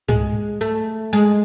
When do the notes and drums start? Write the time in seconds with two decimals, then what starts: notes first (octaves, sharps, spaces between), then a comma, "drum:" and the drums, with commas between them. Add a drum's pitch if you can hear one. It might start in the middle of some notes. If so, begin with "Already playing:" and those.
0.09 G#3, drum: tom G#2
0.61 A3
1.13 G#3